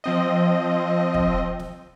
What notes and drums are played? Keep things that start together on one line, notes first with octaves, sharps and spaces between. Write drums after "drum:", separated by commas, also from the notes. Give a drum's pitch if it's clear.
F3 C4 D#5
drum: kick
drum: snare